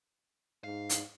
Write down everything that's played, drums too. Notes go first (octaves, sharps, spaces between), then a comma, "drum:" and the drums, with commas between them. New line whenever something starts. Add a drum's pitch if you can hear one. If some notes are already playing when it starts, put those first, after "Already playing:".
G#2 F5
drum: hi-hat